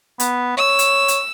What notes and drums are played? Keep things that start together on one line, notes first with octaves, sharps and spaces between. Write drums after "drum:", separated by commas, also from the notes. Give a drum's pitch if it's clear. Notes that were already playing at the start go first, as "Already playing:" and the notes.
B3, drum: hi-hat
C#5 E6
drum: hi-hat
drum: hi-hat